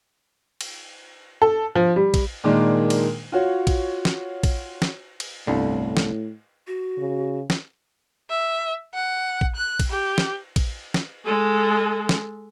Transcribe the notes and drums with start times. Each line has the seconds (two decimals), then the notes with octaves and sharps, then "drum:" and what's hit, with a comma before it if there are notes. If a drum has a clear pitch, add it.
0.61 drum: cymbal
1.42 A4
1.75 F3
1.96 G3
2.14 drum: kick A#1, cymbal
2.44 A#2 D#3 G#3 A#3 D4
2.90 drum: cymbal
3.32 F4 F#4 C#5
3.67 drum: kick A#1, cymbal
4.05 drum: snare
4.43 drum: kick A#1, cymbal
4.82 drum: snare
5.20 drum: cymbal
5.47 G1 C2 A2 D3
5.97 drum: snare
6.67 F#4
6.98 C#3
7.50 drum: snare
8.30 E5
8.94 F#5
9.41 drum: kick A#1
9.56 F#6
9.80 drum: kick A#1, cymbal
9.90 G4
10.18 drum: snare
10.56 drum: kick A#1, cymbal
10.94 drum: snare
11.24 G#3 A4
12.09 drum: snare